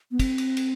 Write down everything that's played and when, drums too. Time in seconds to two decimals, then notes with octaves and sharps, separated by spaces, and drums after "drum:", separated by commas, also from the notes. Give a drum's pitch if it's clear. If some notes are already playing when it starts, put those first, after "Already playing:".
0.11 B3
0.19 C4, drum: kick, cymbal
0.38 drum: cymbal
0.57 drum: cymbal